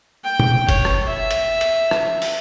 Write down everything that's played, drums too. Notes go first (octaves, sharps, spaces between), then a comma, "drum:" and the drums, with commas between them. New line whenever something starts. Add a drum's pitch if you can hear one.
G5
drum: tom
C#5, drum: kick F#1, hi-hat
drum: rim click
E5
drum: hi-hat
drum: hi-hat
drum: rim click
drum: open hi-hat